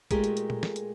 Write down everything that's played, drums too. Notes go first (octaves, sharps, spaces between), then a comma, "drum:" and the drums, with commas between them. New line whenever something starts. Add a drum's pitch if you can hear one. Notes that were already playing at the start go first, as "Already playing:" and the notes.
A#2 G#3 A3 G4 G#4 A#4, drum: kick, hi-hat
drum: hi-hat
drum: hi-hat
drum: tom A#2
drum: snare
drum: hi-hat